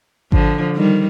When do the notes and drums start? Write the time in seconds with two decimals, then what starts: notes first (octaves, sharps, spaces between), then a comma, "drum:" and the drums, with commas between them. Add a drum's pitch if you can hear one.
0.32 D3 F3, drum: kick G#1
0.76 D#3 G3